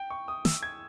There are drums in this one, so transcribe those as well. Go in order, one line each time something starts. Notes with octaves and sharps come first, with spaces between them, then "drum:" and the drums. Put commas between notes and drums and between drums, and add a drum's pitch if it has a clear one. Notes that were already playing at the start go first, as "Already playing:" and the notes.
Already playing: G5
C#6
D#6
E6, drum: snare
G#6